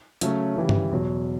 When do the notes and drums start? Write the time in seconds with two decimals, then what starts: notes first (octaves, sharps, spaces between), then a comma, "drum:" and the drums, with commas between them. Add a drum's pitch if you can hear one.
0.21 C#3 F#3 A3 C#4, drum: hi-hat
0.56 C#3 E3 G3
0.69 drum: tom G2
0.91 E2 B2 F#3